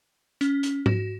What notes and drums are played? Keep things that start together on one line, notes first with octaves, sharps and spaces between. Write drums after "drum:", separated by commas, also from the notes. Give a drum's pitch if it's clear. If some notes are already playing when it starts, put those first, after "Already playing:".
C#4, drum: hi-hat
drum: hi-hat
F#4, drum: tom G#2